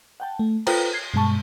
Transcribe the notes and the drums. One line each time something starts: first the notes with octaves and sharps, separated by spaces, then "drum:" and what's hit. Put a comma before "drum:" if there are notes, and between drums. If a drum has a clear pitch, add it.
F#5 G5 A5
A3
F4 A4 B4 C5 G5 A#5, drum: cymbal
G#6 C7
G2 B2 G#3 A5 C#6